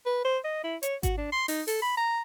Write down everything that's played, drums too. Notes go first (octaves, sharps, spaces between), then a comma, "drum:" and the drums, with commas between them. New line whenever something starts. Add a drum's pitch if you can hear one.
B4
C5
D#5
E4
C#5, drum: hi-hat
F#4, drum: kick G#1, hi-hat
D4
C6
D#4, drum: open hi-hat
A4, drum: open hi-hat
B5
A#5